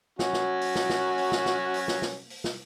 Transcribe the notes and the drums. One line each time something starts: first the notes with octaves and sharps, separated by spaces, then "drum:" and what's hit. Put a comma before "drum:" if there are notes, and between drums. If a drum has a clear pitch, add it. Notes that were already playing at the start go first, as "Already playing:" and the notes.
F#3 C#4 F#4, drum: snare
drum: snare
drum: open hi-hat
drum: snare
drum: snare
drum: open hi-hat
drum: snare
drum: snare
drum: open hi-hat
drum: snare
drum: snare
drum: open hi-hat
drum: snare